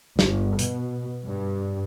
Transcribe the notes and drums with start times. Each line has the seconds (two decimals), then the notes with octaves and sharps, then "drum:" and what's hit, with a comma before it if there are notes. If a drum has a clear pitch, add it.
0.19 G1, drum: snare
0.59 B2, drum: hi-hat
1.26 G2